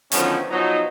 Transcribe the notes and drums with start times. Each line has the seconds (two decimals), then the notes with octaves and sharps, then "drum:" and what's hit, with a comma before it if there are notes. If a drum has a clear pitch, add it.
0.12 D3 D#3 F3 F#3 B3 C#4, drum: hi-hat
0.50 B2 F3 F#3 D#4